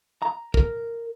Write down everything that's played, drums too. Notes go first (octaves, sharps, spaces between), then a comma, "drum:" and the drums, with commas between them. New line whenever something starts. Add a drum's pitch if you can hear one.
A#5
A#4, drum: kick